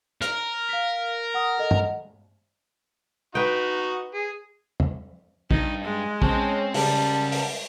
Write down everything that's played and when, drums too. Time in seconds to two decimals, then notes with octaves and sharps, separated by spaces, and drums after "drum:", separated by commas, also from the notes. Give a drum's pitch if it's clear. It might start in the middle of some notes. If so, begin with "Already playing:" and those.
0.22 A#4 F6, drum: hi-hat
0.69 F5 B6
1.34 F#5 D#6
1.58 A4 D#5 F#5
1.71 drum: tom
3.35 D#4 F#4 B4 G5
4.14 G#4
4.80 drum: tom
5.51 G2 D#4, drum: kick
5.84 G#3
6.22 C4 C#4 C5 A5, drum: kick
6.74 C#3 G3 A#4 F#5 A5, drum: open hi-hat
7.32 drum: open hi-hat